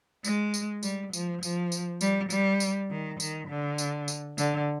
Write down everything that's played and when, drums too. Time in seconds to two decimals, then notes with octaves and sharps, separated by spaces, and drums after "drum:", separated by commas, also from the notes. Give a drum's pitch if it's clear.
0.24 G#3, drum: tambourine
0.54 drum: tambourine
0.83 G3, drum: tambourine
1.13 F3, drum: tambourine
1.43 F3, drum: tambourine
1.72 drum: tambourine
2.01 G3, drum: tambourine
2.30 G3, drum: tambourine
2.60 drum: tambourine
2.90 D#3
3.20 D#3, drum: tambourine
3.49 D3
3.78 drum: tambourine
4.08 drum: tambourine
4.38 D3, drum: tambourine